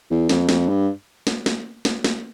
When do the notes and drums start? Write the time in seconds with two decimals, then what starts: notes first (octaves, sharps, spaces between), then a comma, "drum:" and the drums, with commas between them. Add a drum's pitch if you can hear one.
0.10 E2
0.29 F2, drum: snare
0.49 F2, drum: snare
0.68 G2
1.27 drum: snare
1.46 drum: snare
1.85 drum: snare
2.04 drum: snare